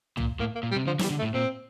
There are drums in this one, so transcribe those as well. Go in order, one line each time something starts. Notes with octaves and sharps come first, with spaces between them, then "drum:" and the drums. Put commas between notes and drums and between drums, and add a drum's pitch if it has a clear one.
A#2, drum: tom
A2 A#3
A#3
A#2
G3
C3
D3 F3
E3, drum: snare
G3
D3
A3
A2
A#2 C4